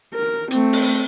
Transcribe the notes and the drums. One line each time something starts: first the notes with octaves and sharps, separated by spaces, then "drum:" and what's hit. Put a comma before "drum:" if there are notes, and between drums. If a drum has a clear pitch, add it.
A#4
A3 C4, drum: hi-hat
drum: open hi-hat